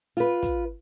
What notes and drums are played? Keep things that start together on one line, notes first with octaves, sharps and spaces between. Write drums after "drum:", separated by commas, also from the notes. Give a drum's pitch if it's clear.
F4 B4, drum: hi-hat
drum: kick, hi-hat